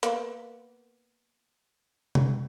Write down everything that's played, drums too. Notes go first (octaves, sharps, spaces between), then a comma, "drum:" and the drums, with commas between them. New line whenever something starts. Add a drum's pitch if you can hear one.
A#3 B3, drum: hi-hat
drum: tom C3